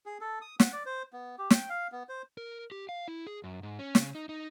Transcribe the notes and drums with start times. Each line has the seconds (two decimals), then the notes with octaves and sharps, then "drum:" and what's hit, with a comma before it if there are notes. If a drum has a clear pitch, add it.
0.06 G#4
0.21 A4
0.41 D#6
0.60 F#5, drum: snare
0.73 D5
0.86 C5
1.13 B3
1.38 G4
1.50 G5, drum: snare
1.69 F5
1.92 B3
2.09 C5
2.37 A#4
2.72 G4
2.89 F5
3.08 E4
3.27 G#4
3.44 F#2
3.63 G#2
3.79 C#4
3.95 C#3, drum: snare
4.15 D#4
4.29 D#4